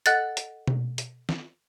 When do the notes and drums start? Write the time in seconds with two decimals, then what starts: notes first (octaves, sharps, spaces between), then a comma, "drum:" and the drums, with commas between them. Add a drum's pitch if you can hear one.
0.06 A4 D#5 F#5 F#6 A6, drum: hi-hat
0.37 drum: hi-hat
0.68 drum: tom B2
0.98 drum: hi-hat
1.29 drum: snare